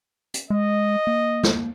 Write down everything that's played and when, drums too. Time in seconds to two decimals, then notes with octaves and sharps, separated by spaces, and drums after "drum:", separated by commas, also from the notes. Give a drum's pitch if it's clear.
0.34 drum: hi-hat
0.50 G#3 D#5
1.07 A#3
1.43 drum: snare